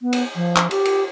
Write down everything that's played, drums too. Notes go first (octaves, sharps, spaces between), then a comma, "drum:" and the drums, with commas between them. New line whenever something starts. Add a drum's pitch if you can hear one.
B3
drum: cymbal
F3
drum: clap
G4, drum: cymbal
drum: cymbal